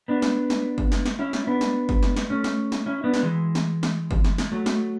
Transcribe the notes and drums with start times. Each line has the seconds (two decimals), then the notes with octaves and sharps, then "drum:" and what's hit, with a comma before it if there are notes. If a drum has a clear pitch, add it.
0.08 B3 D4
0.22 drum: snare
0.50 drum: snare
0.78 drum: kick
0.92 drum: snare
1.06 drum: snare
1.19 C#4 E4
1.33 drum: snare
1.47 B3 D4
1.61 drum: snare
1.89 drum: kick
2.03 drum: snare
2.16 drum: snare
2.30 A3 C#4
2.44 drum: snare
2.72 drum: snare
2.86 C#4 E4
3.04 B3 D4
3.14 drum: snare
3.23 E3 G#3
3.55 drum: snare
3.83 drum: snare
4.11 drum: kick
4.25 drum: snare
4.38 drum: snare
4.52 F#3 A3
4.66 drum: snare